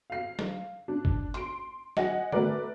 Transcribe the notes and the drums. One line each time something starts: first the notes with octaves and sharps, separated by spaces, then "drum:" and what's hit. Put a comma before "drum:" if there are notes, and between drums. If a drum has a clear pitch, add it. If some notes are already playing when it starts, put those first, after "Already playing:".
F5 C7
drum: snare
D4
drum: kick G1
C6 D7, drum: hi-hat
D#5 F#5 G#5 A#6, drum: snare
A3 F#4 A#4 B4 D5, drum: tom D3